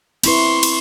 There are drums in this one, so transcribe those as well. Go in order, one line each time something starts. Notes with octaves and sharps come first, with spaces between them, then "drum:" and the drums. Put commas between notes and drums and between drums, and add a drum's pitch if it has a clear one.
C4 E4 B4 C6 C#6, drum: cymbal
drum: cymbal